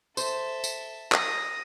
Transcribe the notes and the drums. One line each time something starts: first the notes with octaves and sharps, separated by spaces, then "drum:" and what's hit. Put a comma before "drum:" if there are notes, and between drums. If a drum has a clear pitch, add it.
A4 C5 E5, drum: tambourine
drum: tambourine
D#6 A#6, drum: clap